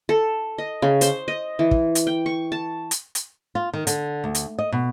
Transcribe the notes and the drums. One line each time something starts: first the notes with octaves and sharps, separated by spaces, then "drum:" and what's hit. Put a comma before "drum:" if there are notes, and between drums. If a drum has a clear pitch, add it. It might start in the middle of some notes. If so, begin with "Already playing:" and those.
A4
D#5
C#3
C5, drum: hi-hat
D#5
E3
drum: kick
drum: hi-hat
G5
C#6
A5
drum: hi-hat
drum: hi-hat
F4
D#3
D3, drum: hi-hat
D2
drum: hi-hat
D#5
B2